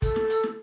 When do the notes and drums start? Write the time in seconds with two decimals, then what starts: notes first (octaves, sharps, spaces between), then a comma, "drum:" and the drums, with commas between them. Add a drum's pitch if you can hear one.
0.02 A4, drum: kick, hi-hat
0.16 drum: snare
0.30 drum: hi-hat
0.43 drum: snare